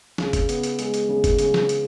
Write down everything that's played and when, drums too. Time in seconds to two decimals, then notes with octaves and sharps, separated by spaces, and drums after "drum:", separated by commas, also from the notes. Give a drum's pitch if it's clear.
0.18 C#3, drum: snare
0.33 drum: kick, hi-hat
0.49 B3, drum: hi-hat
0.63 drum: hi-hat
0.79 G#3, drum: hi-hat
0.94 drum: hi-hat
1.09 C#3
1.24 drum: kick, hi-hat
1.39 C#3, drum: hi-hat
1.54 drum: snare
1.69 drum: hi-hat